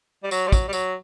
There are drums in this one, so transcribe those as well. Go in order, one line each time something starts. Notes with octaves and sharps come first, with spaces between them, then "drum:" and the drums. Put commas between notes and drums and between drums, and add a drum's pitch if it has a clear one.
G3
F#3, drum: tambourine
G3
F#3, drum: kick, tambourine
G3
F#3, drum: tambourine